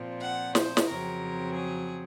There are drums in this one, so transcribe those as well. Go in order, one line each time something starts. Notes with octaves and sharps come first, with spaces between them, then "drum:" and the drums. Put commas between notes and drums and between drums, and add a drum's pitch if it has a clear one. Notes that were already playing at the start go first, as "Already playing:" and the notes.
Already playing: A#2 F3 C4
F#5
C5, drum: snare
drum: snare
F2 C#3 F#3 C4 A#4
G#4